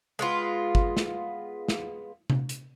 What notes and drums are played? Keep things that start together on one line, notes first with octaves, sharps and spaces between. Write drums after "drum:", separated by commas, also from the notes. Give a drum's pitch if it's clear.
G#3 B3 F4
drum: kick G1
drum: snare
drum: snare
drum: tom C3
drum: hi-hat